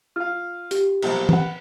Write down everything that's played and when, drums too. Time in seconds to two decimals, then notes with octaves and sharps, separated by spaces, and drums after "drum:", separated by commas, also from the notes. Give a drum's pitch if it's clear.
0.16 F4 F5 F6
0.71 G4, drum: hi-hat
1.02 B1 A#2 F3, drum: cymbal
1.29 B4 F#5, drum: tom